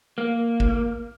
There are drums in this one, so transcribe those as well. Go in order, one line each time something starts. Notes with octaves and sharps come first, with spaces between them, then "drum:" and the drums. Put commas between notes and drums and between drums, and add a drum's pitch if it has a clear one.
A#3
drum: kick G1